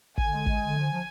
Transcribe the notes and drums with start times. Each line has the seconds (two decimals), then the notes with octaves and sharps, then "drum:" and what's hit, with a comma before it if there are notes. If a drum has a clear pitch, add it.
0.18 D3 G#5, drum: kick
0.32 G#3
0.46 G#3, drum: kick
0.61 D3
0.76 F3
0.91 F3